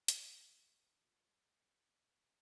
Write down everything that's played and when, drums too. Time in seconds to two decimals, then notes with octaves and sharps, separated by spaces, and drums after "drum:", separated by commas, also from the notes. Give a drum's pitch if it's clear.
0.08 A#2 F3 G#3 C5, drum: hi-hat
0.18 B4
0.28 A#4
0.37 B4
1.03 A#2 F3 G#3